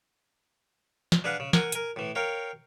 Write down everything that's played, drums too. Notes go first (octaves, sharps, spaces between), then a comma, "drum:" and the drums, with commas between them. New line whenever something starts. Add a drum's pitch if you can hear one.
drum: snare
D4 G#4 B4 F5 F#5
C#3
A#4 F#5 G#5, drum: snare
A#4 G#5, drum: hi-hat
A2 E3
A#4 C#5 F5 G5